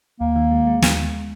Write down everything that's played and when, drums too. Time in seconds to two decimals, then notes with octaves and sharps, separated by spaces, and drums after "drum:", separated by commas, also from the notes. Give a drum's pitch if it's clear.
0.20 D#2 A#3
0.36 D#3
0.51 G#3
0.67 G#3
0.82 D#2, drum: snare
0.97 G#3